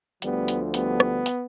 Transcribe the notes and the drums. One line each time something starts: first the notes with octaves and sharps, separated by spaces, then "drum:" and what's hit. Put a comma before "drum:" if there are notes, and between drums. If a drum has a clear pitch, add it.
D2 D3 F3 G3 B3, drum: hi-hat
drum: hi-hat
G3 B3, drum: hi-hat
drum: rim click
drum: hi-hat